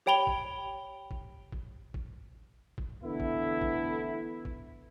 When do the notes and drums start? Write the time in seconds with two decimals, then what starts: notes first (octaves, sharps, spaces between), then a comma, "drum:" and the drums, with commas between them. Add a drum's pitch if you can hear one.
0.06 G4 C#5 G5 B5 F7 G7
0.27 drum: kick
1.11 drum: kick
1.52 drum: kick
1.94 drum: kick
2.78 drum: kick
3.04 D3 E3 A3 B3 E4
3.20 drum: kick
3.62 drum: kick
4.45 drum: kick